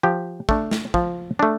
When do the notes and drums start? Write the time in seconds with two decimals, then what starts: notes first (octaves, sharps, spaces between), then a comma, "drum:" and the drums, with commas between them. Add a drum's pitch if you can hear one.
0.03 F3 G4
0.49 A3 D4, drum: kick
0.71 drum: snare
0.94 F3, drum: kick
1.39 A3 D4